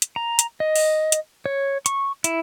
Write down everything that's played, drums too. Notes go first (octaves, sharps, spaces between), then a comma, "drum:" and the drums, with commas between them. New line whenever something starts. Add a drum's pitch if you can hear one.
drum: hi-hat
A#5
drum: hi-hat
D#5
drum: open hi-hat
drum: hi-hat
C#5
C#6, drum: hi-hat
E4, drum: hi-hat